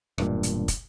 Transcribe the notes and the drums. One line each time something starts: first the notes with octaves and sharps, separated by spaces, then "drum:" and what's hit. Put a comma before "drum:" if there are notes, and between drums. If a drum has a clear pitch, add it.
E1 G2 A#2, drum: rim click
drum: hi-hat
drum: kick, hi-hat